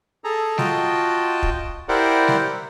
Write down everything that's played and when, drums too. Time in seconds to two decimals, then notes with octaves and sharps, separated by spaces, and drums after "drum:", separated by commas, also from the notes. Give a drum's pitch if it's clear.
0.24 G#4 A4 A#5
0.58 F4 F#4 D#5 G5 A5, drum: snare G3
1.43 drum: kick
1.89 E4 G4 A#4 C5 D5 F#5
2.28 drum: snare G3